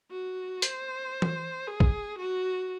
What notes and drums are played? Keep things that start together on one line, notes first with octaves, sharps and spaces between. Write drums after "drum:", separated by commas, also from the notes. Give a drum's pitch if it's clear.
F#4
C5, drum: hi-hat
drum: tom E3
G#4
drum: kick
F#4